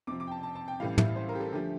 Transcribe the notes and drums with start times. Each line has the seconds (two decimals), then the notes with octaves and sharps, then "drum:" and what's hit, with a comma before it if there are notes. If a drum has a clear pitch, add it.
0.07 F2 C3 F3 D6
0.20 D6
0.27 G5
0.31 A5
0.43 A5
0.55 A5
0.68 G5
0.80 A1 A2 E3 G3 F5
0.98 E5, drum: tom
1.16 C5
1.29 A#4
1.35 G4
1.41 A4
1.53 D2 D3 F3 A3 G4